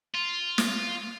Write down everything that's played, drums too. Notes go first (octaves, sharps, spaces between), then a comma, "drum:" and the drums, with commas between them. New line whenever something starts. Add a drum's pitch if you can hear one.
F4
drum: snare